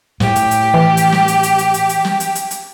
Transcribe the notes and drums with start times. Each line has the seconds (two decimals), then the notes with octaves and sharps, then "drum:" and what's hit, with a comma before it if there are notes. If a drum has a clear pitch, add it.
0.20 A2 G4, drum: snare
0.36 drum: hi-hat
0.51 drum: hi-hat
0.74 E3
0.97 drum: hi-hat
1.12 drum: snare
1.28 drum: hi-hat
1.43 drum: hi-hat
1.58 drum: hi-hat
1.74 drum: hi-hat
1.89 drum: hi-hat
2.05 drum: snare
2.20 drum: hi-hat
2.35 drum: hi-hat
2.51 drum: hi-hat